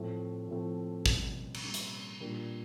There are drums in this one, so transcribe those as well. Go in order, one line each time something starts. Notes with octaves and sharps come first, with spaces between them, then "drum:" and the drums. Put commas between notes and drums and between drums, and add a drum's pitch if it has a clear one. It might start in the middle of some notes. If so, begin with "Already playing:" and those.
Already playing: A2 F3 A3 C4
A2 F3 A3 C4
B2 G3 A#3 C#4, drum: kick
drum: cymbal
B2 G3 A#3 C#4
drum: hi-hat
A#2 G3 A#3 D4 F4